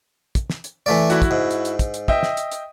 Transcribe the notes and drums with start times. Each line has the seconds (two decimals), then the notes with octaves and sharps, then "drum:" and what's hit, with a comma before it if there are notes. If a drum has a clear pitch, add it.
0.35 drum: kick, hi-hat
0.50 drum: snare
0.64 drum: hi-hat
0.86 E3 A3 D5
1.10 E4 F#4, drum: hi-hat
1.22 drum: kick, hi-hat
1.31 G#2
1.51 drum: hi-hat
1.65 drum: hi-hat
1.79 drum: kick, hi-hat
1.94 drum: hi-hat
2.08 D#5 E5 G5, drum: kick
2.23 drum: snare
2.37 drum: hi-hat
2.52 drum: hi-hat